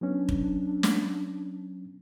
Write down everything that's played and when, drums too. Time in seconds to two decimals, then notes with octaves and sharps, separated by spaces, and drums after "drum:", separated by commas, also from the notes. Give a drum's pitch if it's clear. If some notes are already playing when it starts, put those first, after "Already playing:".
0.01 F#3 B3 C#4 D4
0.29 drum: kick
0.83 drum: snare